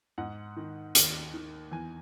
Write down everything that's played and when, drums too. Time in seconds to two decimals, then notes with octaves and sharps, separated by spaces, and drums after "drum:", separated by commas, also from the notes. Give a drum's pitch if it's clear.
0.18 G#2 F#5
0.56 D#3
0.95 D#2, drum: hi-hat
1.34 D#3
1.72 E2 G#5